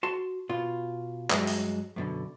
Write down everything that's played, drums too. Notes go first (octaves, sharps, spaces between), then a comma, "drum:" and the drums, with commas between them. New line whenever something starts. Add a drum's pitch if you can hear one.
F#4 A5 C6
B2 F4
G2 F#3 G#3, drum: clap
drum: open hi-hat
F#2 B2 D3